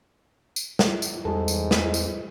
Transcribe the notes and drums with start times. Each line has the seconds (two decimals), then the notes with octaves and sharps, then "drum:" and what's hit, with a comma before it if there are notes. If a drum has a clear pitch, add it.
0.56 drum: tambourine
0.79 drum: snare
1.02 drum: tambourine
1.25 E2 G#2 G3 G#4 A4
1.48 drum: tambourine
1.71 drum: snare
1.94 drum: tambourine